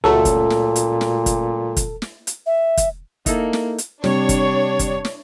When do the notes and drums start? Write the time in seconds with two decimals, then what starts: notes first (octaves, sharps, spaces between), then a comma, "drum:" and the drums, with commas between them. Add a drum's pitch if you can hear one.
0.04 C#2 A#2 F#3 A3 A4
0.25 drum: kick, hi-hat
0.50 drum: snare
0.76 drum: hi-hat
1.01 drum: snare
1.26 drum: kick, hi-hat
1.77 drum: kick, hi-hat
2.02 drum: snare
2.27 drum: hi-hat
2.46 E5
2.77 drum: kick, hi-hat
3.26 A#3 D#4 E4 A4, drum: kick, hi-hat
3.53 drum: snare
3.78 drum: hi-hat
4.04 C3 G3 D4 C#5, drum: snare
4.29 drum: kick, hi-hat
4.79 drum: kick, hi-hat
5.05 drum: snare